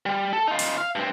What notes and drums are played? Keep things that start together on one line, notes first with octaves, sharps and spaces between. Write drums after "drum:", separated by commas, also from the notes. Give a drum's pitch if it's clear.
G3
A4
D#4 F4
drum: open hi-hat
F5
G2 C4